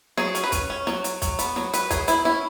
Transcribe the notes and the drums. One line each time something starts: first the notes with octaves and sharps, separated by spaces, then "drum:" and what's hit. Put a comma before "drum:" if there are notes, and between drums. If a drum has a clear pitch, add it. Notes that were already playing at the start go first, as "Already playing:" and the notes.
F#3 G#4, drum: snare
C#4, drum: hi-hat
B4
C#4, drum: kick, hi-hat
C#4
F#3, drum: snare
F#3, drum: hi-hat
F#3, drum: kick, hi-hat
B3, drum: hi-hat
F#3, drum: snare
F#3 B4, drum: hi-hat
F#3 G#4, drum: kick, hi-hat
B3 E4, drum: hi-hat
C#4 E4, drum: snare